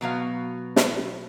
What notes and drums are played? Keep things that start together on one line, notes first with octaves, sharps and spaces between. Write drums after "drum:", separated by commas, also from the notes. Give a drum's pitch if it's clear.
B2 F#3 B3 F5
drum: snare